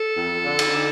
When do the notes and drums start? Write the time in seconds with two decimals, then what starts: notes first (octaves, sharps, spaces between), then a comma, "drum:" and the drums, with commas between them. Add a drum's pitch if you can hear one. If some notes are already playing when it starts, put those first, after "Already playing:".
Already playing: A4
0.16 F2
0.44 D3
0.59 drum: cymbal
0.72 D3